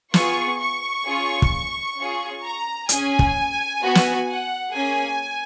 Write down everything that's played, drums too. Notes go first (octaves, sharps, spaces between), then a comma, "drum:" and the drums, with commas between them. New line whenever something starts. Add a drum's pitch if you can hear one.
B3 F4 G#4 C#6, drum: snare
C#6
C#4 F4 G#4
drum: kick
C#4 F4 G#4
A#5
C#4 G#4 G#5, drum: hi-hat
drum: kick
B3 F#4
drum: snare
F#5
A#3 C#4 G#4 G#5